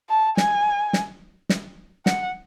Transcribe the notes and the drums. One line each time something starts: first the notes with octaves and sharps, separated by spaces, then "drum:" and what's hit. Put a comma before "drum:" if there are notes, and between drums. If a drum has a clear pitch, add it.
A5
G#5, drum: snare
drum: snare
drum: snare
F#5, drum: snare